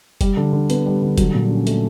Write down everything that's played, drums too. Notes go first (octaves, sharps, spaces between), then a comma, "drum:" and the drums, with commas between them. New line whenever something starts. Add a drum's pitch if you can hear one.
G3, drum: kick F#1, hi-hat
D3
D3
B3, drum: hi-hat
G3
D3
F#3, drum: kick F#1, hi-hat
A#2
C#4
A3, drum: hi-hat